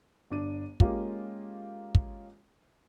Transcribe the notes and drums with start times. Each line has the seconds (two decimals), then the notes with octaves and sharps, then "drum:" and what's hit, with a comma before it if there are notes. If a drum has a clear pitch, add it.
0.30 G1 D4 D#7
0.80 G#3 A#3 C#4 F4 G4, drum: kick
1.95 drum: kick